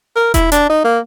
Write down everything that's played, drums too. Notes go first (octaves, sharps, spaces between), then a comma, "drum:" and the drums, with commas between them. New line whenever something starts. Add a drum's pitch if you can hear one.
A#4
E4, drum: kick E1, hi-hat
D4, drum: hi-hat
D#4
A#3